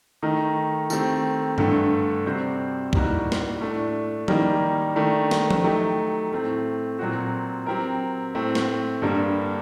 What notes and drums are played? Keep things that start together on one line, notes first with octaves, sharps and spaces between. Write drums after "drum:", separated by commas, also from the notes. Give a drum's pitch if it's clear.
D#3 A3 D#4
D#3 A3 C4 G4, drum: tambourine
G2 D3 A3, drum: tom G2
C3 G3 C4 F#4 C5
A2 G3 A#3 D#4 F#4, drum: kick
drum: snare
A2 A3 D4
D#3 G3 A#3 D#4, drum: tom F3
D#3 A3 D4
drum: snare
drum: tom F3
F#3 A3 D#4 G4
A2 A3 C4
A#2 F#3 C4 F#4
F#3 C4 G4 A#4
A2 A3 C4
drum: snare
G2 D3 G3 A#3